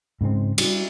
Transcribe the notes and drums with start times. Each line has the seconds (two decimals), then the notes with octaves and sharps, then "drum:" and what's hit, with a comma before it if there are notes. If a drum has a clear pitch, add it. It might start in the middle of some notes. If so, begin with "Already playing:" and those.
0.21 G#2 C#3 G#3 C4
0.58 G3, drum: cymbal